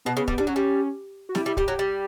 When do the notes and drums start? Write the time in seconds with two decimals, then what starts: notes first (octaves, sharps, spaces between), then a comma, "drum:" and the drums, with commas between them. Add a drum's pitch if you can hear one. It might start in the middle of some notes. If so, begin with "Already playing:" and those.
0.05 B2 B3
0.17 C#3
0.28 G3, drum: kick
0.38 G3 D4
0.47 F#3 C#4
0.56 G3
1.29 F#4
1.35 G3 E4, drum: snare
1.46 G3
1.57 G3 G4, drum: kick
1.68 F#3
1.79 G3